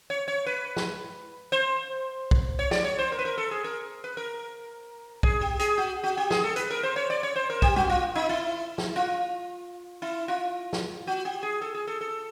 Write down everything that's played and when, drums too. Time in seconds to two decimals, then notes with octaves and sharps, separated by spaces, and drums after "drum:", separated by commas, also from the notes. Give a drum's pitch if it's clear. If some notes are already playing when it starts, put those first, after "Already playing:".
0.10 C#5
0.28 C#5
0.46 B4
0.76 drum: snare
1.52 C5
2.31 drum: kick B1
2.59 C#5
2.71 D5, drum: snare
2.84 C#5
2.98 C5
3.12 A#4
3.19 B4
3.25 A#4
3.38 A4
3.51 G#4
3.64 A#4
4.04 B4
4.17 A#4
5.23 G#4, drum: kick B1
5.41 G4
5.59 G#4, drum: hi-hat
5.78 F#4
6.04 F#4
6.17 G4
6.31 G#4, drum: snare
6.44 A4
6.56 B4, drum: hi-hat
6.70 A#4
6.83 C5
6.96 C#5
7.10 D5
7.23 C#5
7.36 C5
7.50 A#4
7.62 G4, drum: kick B1
7.76 F#4, drum: tom
7.90 F4
8.15 D#4
8.29 E4
8.78 drum: snare
8.96 F4
10.02 E4
10.28 F4
10.73 drum: snare
11.07 F#4
11.25 G4
11.43 G#4
11.61 A4
11.75 G#4
11.87 A4
12.01 A4